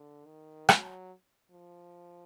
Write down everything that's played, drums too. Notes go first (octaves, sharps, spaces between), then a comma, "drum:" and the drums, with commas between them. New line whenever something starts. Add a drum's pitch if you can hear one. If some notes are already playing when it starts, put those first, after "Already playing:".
Already playing: D3
D#3
F#3, drum: rim click
F3